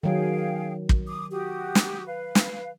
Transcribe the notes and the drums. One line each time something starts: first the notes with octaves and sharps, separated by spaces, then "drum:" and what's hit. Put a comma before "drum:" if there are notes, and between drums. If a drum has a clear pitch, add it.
D#3 F#3 G#4 F5 G5
drum: kick
D6 D#6
F#4 G4 D#6
drum: snare
B4 F5
drum: snare